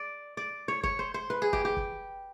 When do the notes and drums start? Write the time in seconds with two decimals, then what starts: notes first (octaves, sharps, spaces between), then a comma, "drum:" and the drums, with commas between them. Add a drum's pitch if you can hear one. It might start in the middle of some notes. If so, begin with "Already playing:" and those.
Already playing: D5
0.37 D5
0.68 C#5
0.83 C#5, drum: kick
0.99 C5
1.14 C5
1.30 B4
1.42 G#4
1.53 G4, drum: kick
1.65 G4
1.77 drum: kick